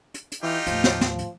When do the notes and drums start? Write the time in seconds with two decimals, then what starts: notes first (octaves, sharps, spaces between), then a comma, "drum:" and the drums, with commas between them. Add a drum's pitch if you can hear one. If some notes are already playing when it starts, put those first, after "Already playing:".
0.14 drum: hi-hat
0.32 drum: hi-hat
0.43 E3 D#4 F4 G4
0.66 D#2 A2 F3, drum: hi-hat
0.84 drum: snare
1.01 drum: snare
1.19 drum: hi-hat